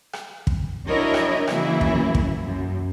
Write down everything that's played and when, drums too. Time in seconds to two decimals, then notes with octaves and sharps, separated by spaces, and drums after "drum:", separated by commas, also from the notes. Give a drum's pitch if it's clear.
0.13 drum: rim click
0.47 drum: kick
0.85 F#3 D4 E4 A#4 C#5 D#5
1.14 drum: rim click
1.47 C#3 E3 F#3 A#3 E4, drum: rim click
1.81 drum: kick
2.15 drum: kick
2.44 F#2